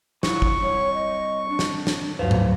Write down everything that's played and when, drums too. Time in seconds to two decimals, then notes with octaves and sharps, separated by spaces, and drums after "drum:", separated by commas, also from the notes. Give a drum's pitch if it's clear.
0.23 E3 F#3 C#6, drum: snare
0.42 drum: kick
0.62 C2 C#5
0.94 D#5
1.49 D4
1.59 drum: snare
1.87 drum: snare
2.19 D2 G2 F#3 B4 C5 F5
2.31 drum: tom G#2